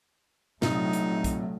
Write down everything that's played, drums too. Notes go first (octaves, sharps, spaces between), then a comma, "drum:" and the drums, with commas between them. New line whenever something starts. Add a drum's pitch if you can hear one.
A#1 C3 F#3 A3 D#4 D#6, drum: snare
drum: hi-hat
drum: kick, hi-hat